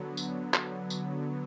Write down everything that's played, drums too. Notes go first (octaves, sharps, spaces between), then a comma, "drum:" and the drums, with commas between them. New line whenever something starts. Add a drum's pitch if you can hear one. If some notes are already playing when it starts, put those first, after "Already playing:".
Already playing: D3 F#3 B3
drum: tambourine
drum: clap
drum: tambourine